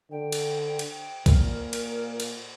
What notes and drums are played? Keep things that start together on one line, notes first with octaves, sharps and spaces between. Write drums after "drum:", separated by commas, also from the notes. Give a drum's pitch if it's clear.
D3 G5
drum: cymbal
drum: cymbal
A#2 A#4, drum: kick A#1, cymbal
drum: cymbal
drum: cymbal